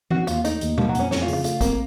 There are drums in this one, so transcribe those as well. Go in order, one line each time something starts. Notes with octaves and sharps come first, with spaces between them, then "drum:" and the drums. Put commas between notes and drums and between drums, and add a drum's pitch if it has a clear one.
D#3 F#4, drum: tom E3
D#2 F4, drum: hi-hat
A3 D#4, drum: hi-hat
D#2, drum: hi-hat
F3 A#3, drum: tom B2
F#3
F2 C#4, drum: hi-hat
F2 C#4, drum: snare
F4
C#3, drum: open hi-hat
F4
A3 F4, drum: hi-hat
A#3 C4, drum: kick, hi-hat